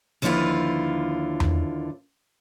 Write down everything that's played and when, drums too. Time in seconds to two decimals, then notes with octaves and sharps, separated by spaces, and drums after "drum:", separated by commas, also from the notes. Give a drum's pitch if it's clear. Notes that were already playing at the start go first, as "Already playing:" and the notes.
0.22 D#2 D3 F3 E4 F4 B4
1.40 drum: tom E2